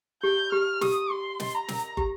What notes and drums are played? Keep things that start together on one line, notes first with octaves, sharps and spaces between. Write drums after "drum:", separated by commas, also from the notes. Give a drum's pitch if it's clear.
G4 G6
G4 F6
G4 D#6, drum: snare
G4 C6
D#5, drum: snare
A#5
A#4, drum: snare
G4, drum: kick